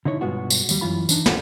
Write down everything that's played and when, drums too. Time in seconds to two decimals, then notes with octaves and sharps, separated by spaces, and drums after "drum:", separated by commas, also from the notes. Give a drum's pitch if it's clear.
0.05 D3 D#4 E4 C#5
0.21 G2 B2 G#3 B3 F4 F#4
0.50 drum: tambourine
0.69 D#2 F#3 G3, drum: tambourine
0.81 F#2 E3 F4 B5
1.09 E3 D4 D#4, drum: tambourine
1.26 F4 A4 G5, drum: snare